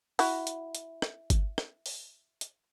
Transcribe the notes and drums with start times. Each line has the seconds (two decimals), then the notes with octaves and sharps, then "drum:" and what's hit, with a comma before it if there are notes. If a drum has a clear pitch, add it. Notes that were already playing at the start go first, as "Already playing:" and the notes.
0.19 E4 F#4, drum: open hi-hat
0.47 drum: hi-hat
0.75 drum: hi-hat
1.02 drum: rim click
1.30 drum: kick G1, hi-hat
1.58 drum: rim click
1.86 drum: open hi-hat
2.41 drum: hi-hat